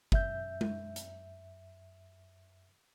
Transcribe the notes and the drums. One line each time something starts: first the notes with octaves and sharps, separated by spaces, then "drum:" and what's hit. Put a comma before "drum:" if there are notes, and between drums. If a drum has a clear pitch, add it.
F#2 E5 G6, drum: kick
drum: tom G#3
drum: hi-hat